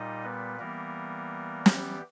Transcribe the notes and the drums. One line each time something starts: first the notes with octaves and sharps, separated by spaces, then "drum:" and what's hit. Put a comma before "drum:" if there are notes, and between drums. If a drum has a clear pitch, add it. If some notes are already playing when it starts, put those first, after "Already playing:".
Already playing: A#2 G3 D#4 D#5
B3 B4
E3 G3 A#3 B3 A#4
G3 G4, drum: snare